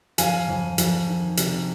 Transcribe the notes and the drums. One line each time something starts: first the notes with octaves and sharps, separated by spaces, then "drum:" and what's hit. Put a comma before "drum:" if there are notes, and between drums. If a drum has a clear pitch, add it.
F2 F5 G#5, drum: hi-hat
F2
F2, drum: hi-hat
D#3
C3, drum: hi-hat